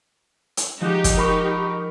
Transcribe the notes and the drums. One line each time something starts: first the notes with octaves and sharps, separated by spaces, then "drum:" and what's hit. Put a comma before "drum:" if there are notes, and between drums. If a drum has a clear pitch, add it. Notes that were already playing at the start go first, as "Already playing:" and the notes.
drum: hi-hat
F3 G#3 D#4 F#4 G4
drum: kick, hi-hat
A#4 B5 C#6